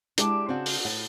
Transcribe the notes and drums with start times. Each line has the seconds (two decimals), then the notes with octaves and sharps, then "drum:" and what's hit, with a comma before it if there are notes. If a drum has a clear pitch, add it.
0.18 G#3 D4 E4 G4 A5, drum: hi-hat
0.49 C#3 C4 D4 F#4
0.66 drum: open hi-hat
0.85 A2 F#5